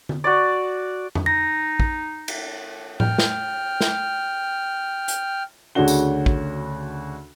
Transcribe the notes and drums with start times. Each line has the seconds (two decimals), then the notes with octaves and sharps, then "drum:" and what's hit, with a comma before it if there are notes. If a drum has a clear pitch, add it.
0.09 drum: tom D3
0.24 F#4 D5
1.15 drum: tom F2
1.26 D#4 A#6
1.80 drum: kick
2.28 drum: cymbal
3.00 G5 F6, drum: tom A2
3.18 drum: snare
3.81 drum: snare
5.08 drum: hi-hat
5.75 D2 C#3 C#4 D4 F#4 G7
5.88 drum: tambourine
6.26 drum: kick